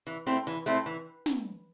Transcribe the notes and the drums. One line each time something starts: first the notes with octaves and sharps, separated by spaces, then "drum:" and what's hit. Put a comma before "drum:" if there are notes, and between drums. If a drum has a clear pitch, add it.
E3
A3 C4 E4
E3
A3 C4 E4
E3
drum: snare